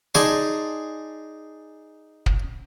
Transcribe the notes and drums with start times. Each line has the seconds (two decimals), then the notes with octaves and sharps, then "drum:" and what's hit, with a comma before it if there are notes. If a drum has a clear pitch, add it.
0.15 D#4 G#4 D5 G#5 A5 C6, drum: snare
2.26 drum: kick